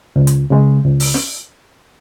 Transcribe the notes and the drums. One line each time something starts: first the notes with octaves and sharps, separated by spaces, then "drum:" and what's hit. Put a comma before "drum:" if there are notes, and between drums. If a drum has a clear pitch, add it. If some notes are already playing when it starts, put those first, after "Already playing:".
C#2
drum: hi-hat
C#3 G#3
C#2
drum: open hi-hat
drum: snare